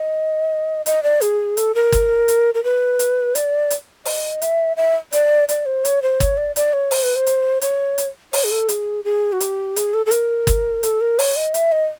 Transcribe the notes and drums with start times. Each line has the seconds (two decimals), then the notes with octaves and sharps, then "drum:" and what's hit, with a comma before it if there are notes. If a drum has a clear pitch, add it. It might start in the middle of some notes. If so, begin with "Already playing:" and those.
Already playing: D#5
0.86 D#5, drum: hi-hat
1.03 D5
1.21 G#4, drum: hi-hat
1.57 A4, drum: hi-hat
1.75 A#4
1.92 drum: kick, hi-hat
2.28 drum: hi-hat
2.55 A#4
2.64 B4
2.99 drum: hi-hat
3.35 D5, drum: hi-hat
3.70 drum: hi-hat
4.05 D#5, drum: open hi-hat
4.42 E5, drum: hi-hat
4.77 E5
5.12 D5, drum: hi-hat
5.49 D5, drum: hi-hat
5.66 C5
5.85 C#5, drum: hi-hat
6.02 C5
6.20 C#5, drum: kick, hi-hat
6.37 D5
6.56 D5, drum: hi-hat
6.73 C#5
6.91 C5, drum: open hi-hat
7.03 B4
7.16 C5
7.26 drum: hi-hat
7.61 C#5, drum: hi-hat
7.98 drum: hi-hat
8.33 C#5, drum: open hi-hat
8.44 G#4
8.51 A4
8.69 G#4, drum: hi-hat
9.04 G#4
9.33 F#4
9.40 G4, drum: hi-hat
9.76 G#4, drum: hi-hat
9.94 A4
10.06 A4
10.11 A#4, drum: hi-hat
10.47 drum: kick, hi-hat
10.83 A4, drum: hi-hat
11.01 A#4
11.19 C#5, drum: open hi-hat
11.36 D#5
11.54 E5, drum: hi-hat
11.72 D#5